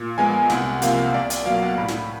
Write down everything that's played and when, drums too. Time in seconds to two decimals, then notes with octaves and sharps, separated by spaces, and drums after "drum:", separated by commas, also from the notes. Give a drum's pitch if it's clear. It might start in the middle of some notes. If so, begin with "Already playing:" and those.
Already playing: A#2
0.18 F3 G#3 B3 G#5
0.50 C2 F#5, drum: snare
0.82 C3 F3 A#3 F5, drum: hi-hat
1.14 C2 D5
1.30 D5, drum: hi-hat
1.46 B2 F#3 A#3 F5
1.62 F#5
1.78 A2 B5
1.88 drum: snare